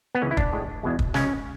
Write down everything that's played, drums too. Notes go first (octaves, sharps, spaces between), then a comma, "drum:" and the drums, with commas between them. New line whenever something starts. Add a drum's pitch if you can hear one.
B3
C#2 C#3 E3 C#4
E4
D4, drum: kick
A2 G#3
E2 B2 G#3
drum: kick
C#2 C#3 G#3 C#4, drum: snare